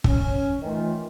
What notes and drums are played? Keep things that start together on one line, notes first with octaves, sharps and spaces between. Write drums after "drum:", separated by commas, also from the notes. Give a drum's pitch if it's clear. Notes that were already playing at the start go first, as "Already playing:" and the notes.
C#4, drum: kick
D#3 E3 A3 F4